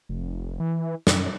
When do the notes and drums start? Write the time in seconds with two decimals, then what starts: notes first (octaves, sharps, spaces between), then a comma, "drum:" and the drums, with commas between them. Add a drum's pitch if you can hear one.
0.09 F1
0.60 E3
1.07 F#2, drum: snare